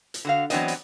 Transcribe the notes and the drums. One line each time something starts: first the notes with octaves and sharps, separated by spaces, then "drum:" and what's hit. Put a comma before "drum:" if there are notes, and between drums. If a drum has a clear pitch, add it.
drum: hi-hat
D3 F#4 F5
E3 F#3 B3 C4 D4 D#5, drum: hi-hat
drum: hi-hat